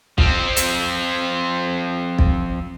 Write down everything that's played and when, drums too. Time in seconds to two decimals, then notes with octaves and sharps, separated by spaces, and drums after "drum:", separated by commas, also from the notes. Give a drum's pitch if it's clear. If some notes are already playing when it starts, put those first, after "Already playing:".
0.18 F3 C4, drum: kick
0.57 drum: hi-hat
2.19 drum: kick